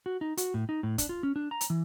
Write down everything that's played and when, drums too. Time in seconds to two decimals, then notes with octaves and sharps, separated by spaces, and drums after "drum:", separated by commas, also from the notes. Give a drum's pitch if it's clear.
0.06 F#4
0.21 D#4
0.37 F#4, drum: hi-hat
0.54 A2
0.69 D#4
0.83 A2
0.98 D4, drum: kick, hi-hat
1.09 F4
1.23 C#4
1.36 D4
1.51 A#5
1.61 drum: hi-hat
1.70 E3